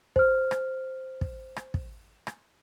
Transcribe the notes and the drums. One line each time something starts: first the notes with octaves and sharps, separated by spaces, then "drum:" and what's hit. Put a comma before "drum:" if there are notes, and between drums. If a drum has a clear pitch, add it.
C5 F6, drum: kick
drum: rim click
drum: kick
drum: rim click
drum: kick
drum: rim click